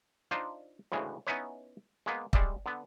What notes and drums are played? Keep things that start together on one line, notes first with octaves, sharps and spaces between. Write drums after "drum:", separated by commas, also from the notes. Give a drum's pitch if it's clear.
D4 D#4 F4 C5
D2 A2 C#3 E3 G#3
B3 C#4 D#4 E4 B4 C#5
G#3 A#3 B3
G3 G#3 D5 E5, drum: kick
D3 B3